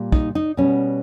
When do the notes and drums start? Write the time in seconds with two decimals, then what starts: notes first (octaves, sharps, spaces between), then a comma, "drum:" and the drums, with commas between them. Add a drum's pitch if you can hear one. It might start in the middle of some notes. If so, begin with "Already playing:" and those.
Already playing: A#2 G3
0.12 D#4, drum: kick
0.35 D#4
0.57 B2 G3 C#4